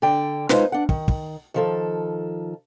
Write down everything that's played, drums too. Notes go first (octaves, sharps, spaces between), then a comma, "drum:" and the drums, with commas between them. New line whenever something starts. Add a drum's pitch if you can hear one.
D3 D5 G5
G#3 D#4 F4 B4 C5, drum: snare
D4 F#5
D#3, drum: kick
drum: kick
D#3 F3 A4